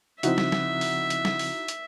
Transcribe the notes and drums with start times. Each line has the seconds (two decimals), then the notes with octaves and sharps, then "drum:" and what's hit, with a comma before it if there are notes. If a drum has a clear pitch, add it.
0.23 C#3 F3 C4 D#4 E4 F#4 E5, drum: hi-hat
0.38 drum: snare
0.52 drum: snare
0.81 drum: open hi-hat
1.10 drum: hi-hat
1.25 drum: snare
1.39 drum: open hi-hat
1.68 drum: hi-hat